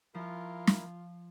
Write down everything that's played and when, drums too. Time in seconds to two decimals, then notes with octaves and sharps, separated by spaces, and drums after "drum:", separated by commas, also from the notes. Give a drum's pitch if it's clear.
0.15 F3 E4 F4 A#4
0.67 drum: snare